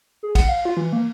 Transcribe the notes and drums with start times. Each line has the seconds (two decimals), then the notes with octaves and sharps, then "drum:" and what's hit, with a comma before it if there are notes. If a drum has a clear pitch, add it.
0.23 G#4
0.35 F#5, drum: kick A#1, cymbal
0.48 F5
0.65 F4
0.77 E3
0.93 A#3